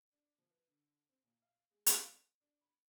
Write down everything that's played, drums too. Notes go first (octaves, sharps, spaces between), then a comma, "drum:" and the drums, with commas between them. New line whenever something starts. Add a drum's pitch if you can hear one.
D4
F3
B4
D3
C4
A#2
F5
G#3
B1, drum: hi-hat
D5
D4
B5